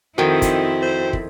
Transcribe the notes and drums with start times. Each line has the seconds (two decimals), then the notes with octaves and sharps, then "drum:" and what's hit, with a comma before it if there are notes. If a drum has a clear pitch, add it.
0.18 F2 D#3 C4 D#4 E4 F#4 A#4 G5
0.42 drum: kick, hi-hat
0.83 C5
1.13 drum: kick